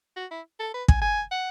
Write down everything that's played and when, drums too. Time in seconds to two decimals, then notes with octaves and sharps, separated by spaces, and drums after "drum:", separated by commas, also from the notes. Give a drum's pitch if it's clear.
0.16 F#4
0.31 E4
0.60 A4
0.74 B4
0.88 G#5, drum: kick
1.01 G#5
1.31 F#5